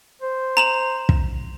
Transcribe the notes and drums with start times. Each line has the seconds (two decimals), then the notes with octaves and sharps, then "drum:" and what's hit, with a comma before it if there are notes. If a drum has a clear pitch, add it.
0.22 C5
0.57 A#5 E7 F#7
1.09 drum: kick